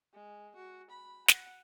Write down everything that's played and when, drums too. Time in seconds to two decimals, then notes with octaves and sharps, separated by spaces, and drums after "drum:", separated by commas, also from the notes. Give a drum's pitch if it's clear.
0.13 G#3
0.56 F#4
0.90 B5
1.28 F#5, drum: snare